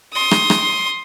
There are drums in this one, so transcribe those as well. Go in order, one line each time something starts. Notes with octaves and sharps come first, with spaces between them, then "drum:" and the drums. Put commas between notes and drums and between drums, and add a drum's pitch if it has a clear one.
C6 D#6
drum: rim click
drum: rim click